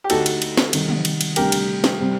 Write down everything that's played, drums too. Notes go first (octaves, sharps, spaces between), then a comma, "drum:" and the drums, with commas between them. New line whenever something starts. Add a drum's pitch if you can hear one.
G4
D2 D3 A3 D#4 F#4 A4, drum: cymbal
drum: cymbal
drum: cymbal
drum: snare
C3 D#3 G3, drum: cymbal
drum: tom
drum: cymbal
drum: cymbal
D2 C3 G3 D4 G4 A#4, drum: cymbal
drum: cymbal
drum: snare
C3 G3 C4